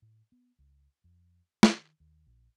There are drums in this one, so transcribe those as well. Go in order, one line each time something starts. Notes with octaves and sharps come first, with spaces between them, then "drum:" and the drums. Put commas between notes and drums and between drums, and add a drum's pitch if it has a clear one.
A2
B3
C#2
F2
D#3, drum: snare
D#2
A#1